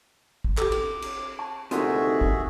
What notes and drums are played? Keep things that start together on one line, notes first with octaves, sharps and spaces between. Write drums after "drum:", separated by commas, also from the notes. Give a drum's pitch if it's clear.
drum: kick
G4 A4 D6, drum: clap
drum: cymbal
drum: cymbal
A5 C#6
D2 C3 D#3 F4 F#4 G#4 E5, drum: hi-hat
drum: kick